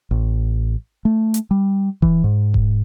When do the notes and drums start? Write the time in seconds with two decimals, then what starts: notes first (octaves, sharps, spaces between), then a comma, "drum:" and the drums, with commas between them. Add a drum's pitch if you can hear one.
0.11 A1
1.05 A3
1.34 drum: hi-hat
1.51 G3
2.02 E3, drum: kick E1
2.24 G#2
2.54 drum: kick E1